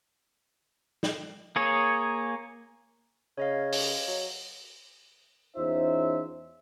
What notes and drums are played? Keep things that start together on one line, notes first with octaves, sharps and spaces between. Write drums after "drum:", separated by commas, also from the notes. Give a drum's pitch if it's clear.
drum: snare
A#3 G#4 C#5
C#3 C#5 D#5 F5
drum: open hi-hat
F#3
E2 C#4 D#4 F4 C5 E5